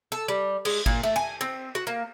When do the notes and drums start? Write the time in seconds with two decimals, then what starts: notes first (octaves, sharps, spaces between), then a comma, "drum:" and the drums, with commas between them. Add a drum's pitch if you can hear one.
0.12 A4
0.28 G3
0.65 G#3, drum: cymbal
0.86 A#2, drum: kick
1.03 A3
1.16 G#5
1.41 C4
1.75 F#4
1.87 A#3